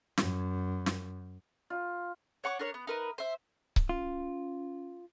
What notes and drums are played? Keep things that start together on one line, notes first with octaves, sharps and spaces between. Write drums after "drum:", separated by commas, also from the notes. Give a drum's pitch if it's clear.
F#2, drum: snare
drum: snare
F4
C#5 F#5 C#6 D6
D4 A#4 C#5
B3
D#4 A#4 B4
C5 E5
drum: kick C#1
C#4 F4